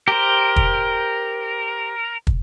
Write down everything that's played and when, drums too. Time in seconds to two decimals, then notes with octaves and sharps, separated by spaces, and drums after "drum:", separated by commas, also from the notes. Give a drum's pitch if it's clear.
0.08 G4 A#4 C5
0.56 drum: kick
2.27 drum: kick